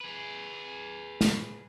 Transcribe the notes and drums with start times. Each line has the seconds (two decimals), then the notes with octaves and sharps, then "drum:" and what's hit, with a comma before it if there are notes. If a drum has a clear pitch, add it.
0.01 G#4 B4
1.21 drum: snare